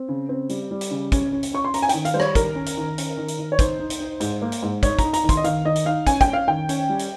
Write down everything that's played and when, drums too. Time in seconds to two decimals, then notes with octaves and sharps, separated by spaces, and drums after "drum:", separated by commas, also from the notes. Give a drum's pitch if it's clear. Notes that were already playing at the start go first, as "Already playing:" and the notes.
Already playing: C4
0.09 C#3
0.29 C4
0.49 G3, drum: hi-hat
0.71 G3
0.81 drum: hi-hat
0.91 C#3
1.12 C#4, drum: kick, hi-hat
1.32 C#4
1.43 drum: hi-hat
1.53 C#4 C#6
1.64 C6
1.74 C#4 A#5, drum: hi-hat
1.82 G#5
1.89 D#3 G5, drum: hi-hat
2.05 F5, drum: hi-hat
2.14 G3 C5
2.20 C#5, drum: rim click
2.35 D#3 A#4, drum: kick, hi-hat
2.55 C#4
2.66 drum: hi-hat
2.77 D#3
2.98 C#4, drum: hi-hat
3.18 D#3
3.28 drum: hi-hat
3.38 D#3
3.52 C#5
3.59 D#4 C5, drum: kick, hi-hat
3.79 D#4
3.90 drum: hi-hat
4.00 D#4
4.20 G#2, drum: hi-hat
4.42 A#3
4.52 drum: hi-hat
4.63 G#2
4.83 D#4 C#5, drum: kick, hi-hat
4.99 A#5, drum: kick, hi-hat
5.04 D#4
5.13 A#5, drum: hi-hat
5.24 D#3
5.29 C6, drum: kick, hi-hat
5.37 D#5
5.44 D#3 F5, drum: hi-hat
5.65 D#3 D#5
5.76 drum: hi-hat
5.85 D#4 F5
6.07 C#4 G#5, drum: kick, hi-hat
6.21 G5, drum: kick, hi-hat
6.27 C#4
6.33 F5
6.48 D#3 G5
6.69 C#4, drum: hi-hat
6.89 G3
6.99 drum: hi-hat